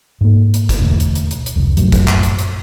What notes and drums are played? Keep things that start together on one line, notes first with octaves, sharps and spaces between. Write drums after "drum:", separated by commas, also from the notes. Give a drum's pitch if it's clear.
G#2 A#3
drum: hi-hat
drum: kick, hi-hat
E1 D2
drum: hi-hat
drum: hi-hat
drum: hi-hat
drum: hi-hat
F1 C#2
A#1 F#2 A2 F#3, drum: hi-hat
drum: kick, hi-hat
drum: clap
drum: hi-hat
drum: hi-hat